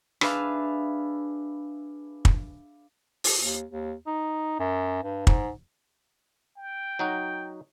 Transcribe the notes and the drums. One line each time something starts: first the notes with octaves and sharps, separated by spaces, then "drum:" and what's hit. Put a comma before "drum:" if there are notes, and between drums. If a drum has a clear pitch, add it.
D4 G#4 B4 E5 F5, drum: rim click
drum: kick
drum: open hi-hat
D#2
D#2
D#4
F#2
G2
G#2, drum: kick
G5
F#3 D#4 F#4